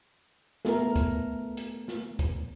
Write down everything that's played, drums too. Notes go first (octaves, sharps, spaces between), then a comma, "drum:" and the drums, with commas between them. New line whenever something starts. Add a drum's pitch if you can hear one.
A3 B3 A#4, drum: snare
drum: kick C#2, hi-hat
drum: hi-hat
drum: snare
drum: kick C#2, hi-hat